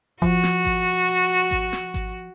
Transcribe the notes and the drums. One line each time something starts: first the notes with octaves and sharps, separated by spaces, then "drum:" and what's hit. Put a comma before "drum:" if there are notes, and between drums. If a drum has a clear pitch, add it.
F3 F#4, drum: kick G#1, hi-hat
drum: snare
drum: kick G#1, hi-hat
drum: open hi-hat
drum: kick G#1, hi-hat
drum: snare
drum: kick G#1, hi-hat